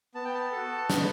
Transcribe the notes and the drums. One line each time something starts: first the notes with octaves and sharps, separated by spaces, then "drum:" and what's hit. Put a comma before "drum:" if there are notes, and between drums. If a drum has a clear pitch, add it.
B3 A5
G5
A5
F#4 A4
B3, drum: snare